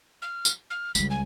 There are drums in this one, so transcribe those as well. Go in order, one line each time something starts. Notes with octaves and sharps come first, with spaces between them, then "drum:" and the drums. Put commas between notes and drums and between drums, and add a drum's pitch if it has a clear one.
F6
drum: tambourine
F6
C#2 G3 B6, drum: tambourine
G#5